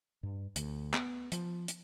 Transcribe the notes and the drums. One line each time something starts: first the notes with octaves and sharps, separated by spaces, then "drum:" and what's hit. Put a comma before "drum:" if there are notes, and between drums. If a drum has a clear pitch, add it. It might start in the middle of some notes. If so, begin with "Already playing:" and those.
G2
D2, drum: hi-hat
B3, drum: clap
F3, drum: hi-hat
drum: hi-hat